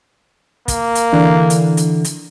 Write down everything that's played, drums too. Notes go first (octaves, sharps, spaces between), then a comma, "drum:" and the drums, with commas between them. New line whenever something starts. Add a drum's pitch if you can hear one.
A#3, drum: kick, hi-hat
drum: hi-hat
D3 E3 D4
drum: hi-hat
drum: hi-hat
drum: hi-hat